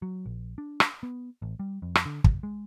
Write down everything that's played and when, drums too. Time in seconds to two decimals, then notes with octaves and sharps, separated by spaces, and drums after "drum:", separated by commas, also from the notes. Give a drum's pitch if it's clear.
0.02 F#3
0.26 A#1
0.58 D4
0.80 drum: rim click
1.03 B3
1.42 A1
1.59 G3
1.82 F2
1.95 drum: rim click
2.06 D3
2.24 F#1, drum: kick
2.43 G#3